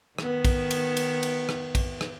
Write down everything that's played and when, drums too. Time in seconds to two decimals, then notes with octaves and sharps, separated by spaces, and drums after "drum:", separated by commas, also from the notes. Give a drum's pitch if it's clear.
0.18 D#3 B3, drum: rim click
0.45 drum: kick A#1, cymbal
0.71 drum: cymbal
0.97 drum: cymbal
1.23 drum: cymbal
1.49 drum: rim click
1.75 drum: kick A#1, cymbal
2.01 drum: rim click